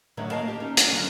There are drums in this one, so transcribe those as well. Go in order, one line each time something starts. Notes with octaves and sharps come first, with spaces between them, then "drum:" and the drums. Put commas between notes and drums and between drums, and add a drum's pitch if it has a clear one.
A2 D3 D#3 F#3 C#5
D#2 A#3 D#5 F5 A5
G4
C#4 D#4
C#4 D4, drum: hi-hat
D3 F#3 C#4